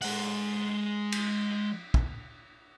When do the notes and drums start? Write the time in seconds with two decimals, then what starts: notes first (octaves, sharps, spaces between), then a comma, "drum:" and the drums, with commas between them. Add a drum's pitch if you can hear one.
0.02 G#3 F#5, drum: open hi-hat
1.12 drum: cymbal
1.94 drum: kick